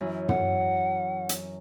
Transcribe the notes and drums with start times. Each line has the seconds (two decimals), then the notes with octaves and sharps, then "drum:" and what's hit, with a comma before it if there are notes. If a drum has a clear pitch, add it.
0.01 F#2 E3 E4
0.29 F#5, drum: tom
1.29 drum: hi-hat